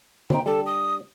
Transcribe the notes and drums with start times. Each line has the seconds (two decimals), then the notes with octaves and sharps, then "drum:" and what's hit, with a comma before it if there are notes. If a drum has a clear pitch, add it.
0.30 C4 D#4 G5, drum: tom D3
0.46 G3 D4 A4
0.66 D#6